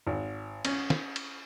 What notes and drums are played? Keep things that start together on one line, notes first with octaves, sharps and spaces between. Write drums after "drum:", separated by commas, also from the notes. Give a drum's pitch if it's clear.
G#1
C#4, drum: cymbal
drum: snare
drum: cymbal